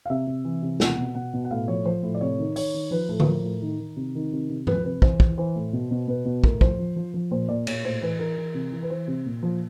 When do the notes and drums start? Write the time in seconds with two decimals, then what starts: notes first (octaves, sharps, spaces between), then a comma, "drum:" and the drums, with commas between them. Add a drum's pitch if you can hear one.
0.06 F5
0.10 C3 E5
0.27 C3
0.44 E3
0.62 C3
0.80 B2 F#5, drum: snare
0.98 B2
1.15 B2 F#5
1.33 B2
1.44 F#5
1.51 A2 F5
1.68 F3 C#5
1.86 F3 C5
2.03 A2
2.15 D5
2.21 C3 C#5
2.39 D#3
2.56 D#3 C#5, drum: open hi-hat
2.74 D#3
2.91 F3 B4
3.09 A2 A4
3.20 B4, drum: tom D3
3.26 F3 A#4
3.44 A2
3.62 D#3
3.79 D#3
3.97 C3
4.15 D#3
4.33 C3
4.50 C3
4.67 F3 B4, drum: tom
4.85 C3 B4
5.02 E3 C5, drum: kick
5.20 E3, drum: kick
5.38 E3 C5
5.56 A2
5.73 B2
5.91 B2
6.08 B2 B4
6.25 B2
6.44 A2 A#4, drum: kick
6.61 F3 C5, drum: kick
6.79 F3
6.96 F3
7.14 F3
7.31 A#2 C5
7.49 A#2 D5
7.67 A#2 C#5, drum: cymbal
7.84 A2 C5
8.02 E3 B4
8.19 E3 A#4
8.37 E3
8.54 C3
8.72 E3
8.83 B4
8.90 E3 C5
9.08 C3
9.26 A#2
9.43 F3